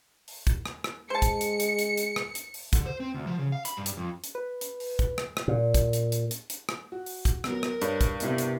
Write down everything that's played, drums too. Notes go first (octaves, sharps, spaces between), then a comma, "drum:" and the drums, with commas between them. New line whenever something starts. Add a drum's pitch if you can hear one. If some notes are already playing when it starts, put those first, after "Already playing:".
drum: open hi-hat
drum: kick, hi-hat
drum: rim click
drum: rim click
G#3 C5 A5 C#7
drum: kick, hi-hat
drum: hi-hat
drum: hi-hat
drum: hi-hat
drum: hi-hat
drum: rim click
drum: hi-hat
drum: open hi-hat
D3, drum: kick, hi-hat
C5
C4
D2
F3
C#3
F5
B5, drum: hi-hat
G2
drum: hi-hat
F2
drum: hi-hat
B4
drum: hi-hat
drum: open hi-hat
drum: kick, hi-hat
drum: rim click
drum: rim click
A#2
drum: kick, hi-hat
drum: hi-hat
drum: hi-hat
drum: hi-hat
drum: hi-hat
drum: rim click
F#4
drum: open hi-hat
drum: kick, hi-hat
F#3 B3 A#4, drum: rim click
drum: rim click
G2 C#5, drum: hi-hat
drum: kick, hi-hat
C3 B3 E4 A#4, drum: hi-hat
drum: hi-hat